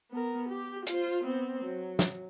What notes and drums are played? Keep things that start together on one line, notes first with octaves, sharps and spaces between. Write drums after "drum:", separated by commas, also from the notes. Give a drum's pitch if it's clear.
B3 A#4
G4
F4 C5, drum: hi-hat
B3 C4
F#3
drum: snare